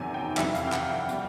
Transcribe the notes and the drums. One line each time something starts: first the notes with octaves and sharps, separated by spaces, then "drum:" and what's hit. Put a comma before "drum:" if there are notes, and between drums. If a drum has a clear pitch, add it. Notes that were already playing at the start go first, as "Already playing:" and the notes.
Already playing: E2 C3 D#3 F#3 G#5
G5
F2 C3 E3 G3 E5, drum: clap
F5, drum: hi-hat
G5
F#5, drum: clap
G5
B2 G3, drum: hi-hat